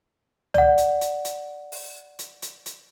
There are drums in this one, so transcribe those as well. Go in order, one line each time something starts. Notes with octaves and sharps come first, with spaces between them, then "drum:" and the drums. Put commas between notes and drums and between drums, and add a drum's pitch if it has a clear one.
D5 F#5, drum: tom C#2
drum: hi-hat
drum: hi-hat
drum: hi-hat
drum: open hi-hat
drum: hi-hat
drum: hi-hat
drum: hi-hat